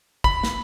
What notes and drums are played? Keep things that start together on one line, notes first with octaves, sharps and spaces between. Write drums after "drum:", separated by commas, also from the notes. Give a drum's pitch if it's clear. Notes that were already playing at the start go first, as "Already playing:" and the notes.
B5, drum: kick
drum: snare